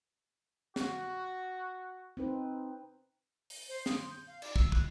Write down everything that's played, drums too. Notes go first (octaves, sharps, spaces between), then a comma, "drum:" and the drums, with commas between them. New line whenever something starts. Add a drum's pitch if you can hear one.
F#4, drum: snare
C4 D#4 B4
drum: open hi-hat
C5
D#6, drum: snare
C6
G6
F5
D5, drum: cymbal
E6, drum: kick
F#6, drum: kick